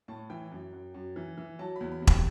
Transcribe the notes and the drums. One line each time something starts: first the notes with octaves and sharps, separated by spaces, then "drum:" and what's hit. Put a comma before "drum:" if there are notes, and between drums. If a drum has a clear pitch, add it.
A2 A5
E3 G5
F#2
F#2
F#2
E3
E3
F#3 A5
E2 B5
B5
C3
G5, drum: kick